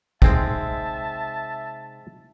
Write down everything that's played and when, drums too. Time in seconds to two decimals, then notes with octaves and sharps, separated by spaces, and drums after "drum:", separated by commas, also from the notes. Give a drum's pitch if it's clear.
0.22 C3 G#3 C4 D#4 E5 A5, drum: kick